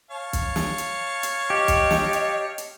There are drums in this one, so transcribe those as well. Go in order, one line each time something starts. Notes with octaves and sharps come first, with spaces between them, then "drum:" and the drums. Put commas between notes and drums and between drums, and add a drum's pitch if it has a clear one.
C#5 F5 A5
drum: kick, hi-hat
drum: snare
drum: hi-hat
drum: hi-hat
G4 D#5
drum: kick, hi-hat
drum: snare
drum: hi-hat
drum: hi-hat